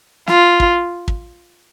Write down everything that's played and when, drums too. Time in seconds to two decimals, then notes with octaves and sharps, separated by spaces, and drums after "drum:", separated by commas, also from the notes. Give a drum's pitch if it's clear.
0.27 F4, drum: snare
0.60 drum: kick
1.08 drum: kick